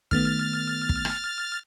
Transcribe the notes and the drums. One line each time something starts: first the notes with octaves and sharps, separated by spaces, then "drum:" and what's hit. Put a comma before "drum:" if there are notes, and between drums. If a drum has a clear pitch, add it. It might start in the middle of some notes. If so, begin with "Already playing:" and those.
D#3 A3 B3 F6 A6, drum: kick
drum: kick
drum: rim click